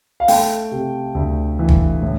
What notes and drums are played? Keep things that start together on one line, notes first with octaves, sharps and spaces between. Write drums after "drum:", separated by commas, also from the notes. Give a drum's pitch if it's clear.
F5
A3 G5, drum: open hi-hat
C3
D2
E3
drum: kick
A2